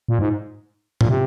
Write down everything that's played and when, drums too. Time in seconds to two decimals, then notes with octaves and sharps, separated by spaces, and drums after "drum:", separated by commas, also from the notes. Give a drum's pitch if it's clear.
0.08 A#2
0.19 G#2
1.01 A#2, drum: tom G#2
1.09 C3